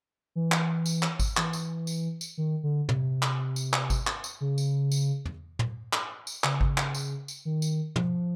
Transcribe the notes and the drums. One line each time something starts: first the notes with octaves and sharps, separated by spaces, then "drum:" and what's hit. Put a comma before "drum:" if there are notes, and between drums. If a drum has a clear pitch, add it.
E3
drum: clap
drum: tambourine
drum: clap
drum: kick G#1, tambourine
E3, drum: clap
drum: tambourine
drum: tambourine
drum: tambourine
D#3
D3
C3, drum: tom
drum: clap
drum: tambourine
drum: clap
drum: kick G#1, tambourine
drum: clap
drum: tambourine
C#3
drum: tambourine
drum: tambourine
drum: tom
drum: tom
drum: clap
drum: tambourine
C#3, drum: clap
drum: kick G#1
drum: clap
drum: tambourine
drum: tambourine
D#3
drum: tambourine
F3, drum: tom